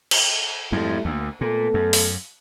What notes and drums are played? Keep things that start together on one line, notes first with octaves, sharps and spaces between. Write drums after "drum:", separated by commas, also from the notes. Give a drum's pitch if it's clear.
drum: cymbal
F2 G#2 G3 A3 E4
D2 A#3
A#2 A3 B3 A4
F#2
drum: open hi-hat